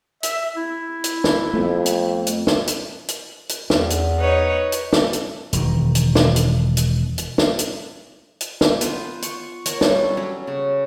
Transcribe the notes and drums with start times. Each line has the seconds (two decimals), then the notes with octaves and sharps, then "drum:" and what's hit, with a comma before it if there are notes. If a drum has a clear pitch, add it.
0.23 E5, drum: hi-hat
0.56 E4
1.04 drum: hi-hat
1.24 drum: snare
1.54 F2 A3 B3
1.86 drum: hi-hat
2.27 drum: hi-hat
2.47 drum: snare
2.67 drum: hi-hat
3.08 drum: hi-hat
3.49 drum: hi-hat
3.70 E2, drum: snare
3.90 drum: hi-hat
4.19 D#4 B4 C#5
4.72 drum: hi-hat
4.93 drum: snare
5.13 drum: hi-hat
5.53 E1 D#3, drum: hi-hat
5.95 drum: hi-hat
6.15 drum: snare
6.36 drum: hi-hat
6.77 drum: hi-hat
7.18 drum: hi-hat
7.38 drum: snare
7.59 drum: hi-hat
8.41 drum: hi-hat
8.61 drum: snare
8.81 B3 F4 C5, drum: hi-hat
9.22 C#6, drum: hi-hat
9.66 A#4 C#5 F#5, drum: hi-hat
9.81 G3 A4, drum: snare
10.17 F#3 C#4
10.47 C#3